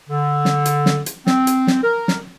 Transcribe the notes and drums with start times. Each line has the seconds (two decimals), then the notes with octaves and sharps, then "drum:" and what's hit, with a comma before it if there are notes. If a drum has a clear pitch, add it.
0.09 D3
0.45 drum: snare
0.66 drum: hi-hat
0.86 drum: snare
1.06 drum: hi-hat
1.27 C4, drum: snare
1.47 drum: hi-hat
1.67 drum: snare
1.83 A#4
2.08 drum: snare